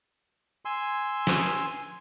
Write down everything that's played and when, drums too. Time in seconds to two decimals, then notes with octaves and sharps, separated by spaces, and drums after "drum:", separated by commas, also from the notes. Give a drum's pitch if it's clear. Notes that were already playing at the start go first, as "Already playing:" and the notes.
0.65 G#5 C6 E6
1.27 drum: snare